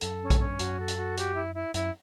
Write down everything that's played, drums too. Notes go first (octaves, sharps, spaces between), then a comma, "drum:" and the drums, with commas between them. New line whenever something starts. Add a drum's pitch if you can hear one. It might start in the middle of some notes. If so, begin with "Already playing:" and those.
F#2 A4, drum: hi-hat
C#4
G2, drum: kick A#1, hi-hat
C#4
F#2 F#4, drum: hi-hat
A4
drum: hi-hat
F#4
G4, drum: hi-hat
E4
E4
F#2 E4, drum: hi-hat